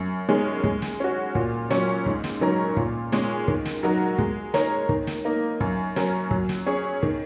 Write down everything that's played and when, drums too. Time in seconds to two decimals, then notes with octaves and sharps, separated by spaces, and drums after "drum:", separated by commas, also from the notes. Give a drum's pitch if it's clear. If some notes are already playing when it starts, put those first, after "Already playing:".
Already playing: F#2
0.29 D#3 G#3 C#4 G#4
0.64 G#3, drum: kick
0.82 drum: snare
1.00 C#4 F#4
1.35 A#2, drum: kick
1.70 F#3 C#4, drum: snare
2.06 G#2, drum: kick
2.24 drum: snare
2.41 D#3 F#3 C#4 A#4
2.77 A#2, drum: kick
3.12 G#3 C#4 G#4, drum: snare
3.48 D#3, drum: kick
3.65 drum: snare
3.83 F#3 D#4 F#4 A#4
4.18 G#3, drum: kick
4.54 D#4 A#4 C#5, drum: snare
4.89 D#3, drum: kick
5.07 drum: snare
5.25 A#3 D#4
5.60 F#2, drum: kick
5.96 F#3 C#4 A#4, drum: snare
6.31 F#3, drum: kick
6.49 drum: snare
6.66 C#4 G#4 C#5
7.03 D#3, drum: kick